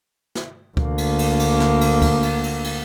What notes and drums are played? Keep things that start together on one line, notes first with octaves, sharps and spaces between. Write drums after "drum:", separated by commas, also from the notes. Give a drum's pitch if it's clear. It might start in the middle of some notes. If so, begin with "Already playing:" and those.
drum: snare
D2 A#3, drum: kick C#2
drum: cymbal
drum: cymbal
drum: cymbal
drum: snare
drum: cymbal
drum: kick C#2, cymbal
drum: cymbal
drum: cymbal
drum: cymbal